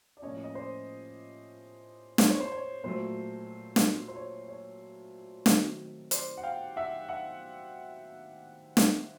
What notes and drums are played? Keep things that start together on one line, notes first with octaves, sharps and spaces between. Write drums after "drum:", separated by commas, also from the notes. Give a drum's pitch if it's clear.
D5
A2 F3 A#3 C#4 C#5 D#5
D#5
C5 D5
C5, drum: snare
C#5
C5
C#5
A#2 F#3 A3 C5
drum: snare
C5
C#5
C#5
D#3 F#3 A3 C4, drum: snare
C5 D5, drum: hi-hat
F#5
F5 G5
E5 F#5
E5 F#5
drum: snare